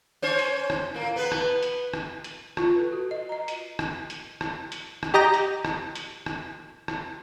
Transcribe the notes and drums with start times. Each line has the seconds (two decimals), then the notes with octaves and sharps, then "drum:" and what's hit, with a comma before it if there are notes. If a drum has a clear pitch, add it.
0.22 C#4 C5 C#5
0.39 drum: hi-hat
0.70 drum: rim click
0.94 A2 A#3
1.16 B3 B4
1.32 drum: rim click
1.63 drum: hi-hat
1.93 drum: rim click
2.24 drum: hi-hat
2.57 F4, drum: rim click
2.76 A4 B4
2.92 F#4
3.11 D#5
3.29 D#5 A#5
3.48 drum: hi-hat
3.79 drum: rim click
4.10 drum: hi-hat
4.41 drum: rim click
4.72 drum: hi-hat
5.03 drum: rim click
5.14 G4 D#5 A#5 G6 A#6
5.34 drum: hi-hat
5.65 drum: rim click
5.95 drum: hi-hat
6.26 drum: rim click
6.88 drum: rim click